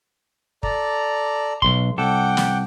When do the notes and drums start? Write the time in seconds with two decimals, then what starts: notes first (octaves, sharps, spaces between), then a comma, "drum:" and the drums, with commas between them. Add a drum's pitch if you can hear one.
0.63 A4 D5 A#5, drum: kick
1.62 B1 C6, drum: kick
1.98 C2 A4 F#5 G5 D6
2.37 drum: snare